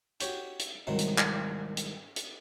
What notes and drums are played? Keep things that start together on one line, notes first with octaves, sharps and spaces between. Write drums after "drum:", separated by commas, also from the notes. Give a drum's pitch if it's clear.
F#4 G4 C#5 G5, drum: hi-hat
drum: hi-hat
C2 G#2 D#3 F#3
drum: hi-hat
drum: clap
drum: hi-hat
drum: hi-hat